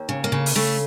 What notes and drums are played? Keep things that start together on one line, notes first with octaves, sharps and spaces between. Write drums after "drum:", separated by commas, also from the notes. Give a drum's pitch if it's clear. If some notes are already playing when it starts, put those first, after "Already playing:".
Already playing: D#2
C#3
A#3
C#3
drum: open hi-hat
C#3 A3